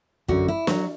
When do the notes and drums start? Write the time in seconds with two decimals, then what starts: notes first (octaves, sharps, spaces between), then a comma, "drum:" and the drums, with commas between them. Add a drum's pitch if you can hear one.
0.28 F#2 D3 F#4, drum: kick
0.48 E4
0.67 F#3, drum: snare